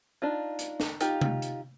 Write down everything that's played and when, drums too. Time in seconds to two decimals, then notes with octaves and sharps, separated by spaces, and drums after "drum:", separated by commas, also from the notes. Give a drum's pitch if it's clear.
0.22 D4 D#4 F4
0.59 drum: hi-hat
0.80 drum: snare
1.01 D#4 F4 G4, drum: hi-hat
1.21 drum: tom C3
1.42 drum: hi-hat